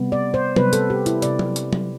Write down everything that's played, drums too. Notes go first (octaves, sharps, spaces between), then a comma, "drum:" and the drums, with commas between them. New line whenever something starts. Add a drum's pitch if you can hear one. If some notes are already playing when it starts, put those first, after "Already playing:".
Already playing: C3 G3 B3
D5
C5
C3 G3 B3 B4, drum: tom F#3
A4, drum: hi-hat
G4
E4, drum: hi-hat
C3 G3 B3 D5, drum: hi-hat
drum: tom F#3
drum: hi-hat
drum: tom F#3